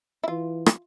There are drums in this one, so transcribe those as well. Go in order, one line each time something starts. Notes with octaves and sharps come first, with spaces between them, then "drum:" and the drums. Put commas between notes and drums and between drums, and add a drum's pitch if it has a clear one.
E4
E3 F4
drum: rim click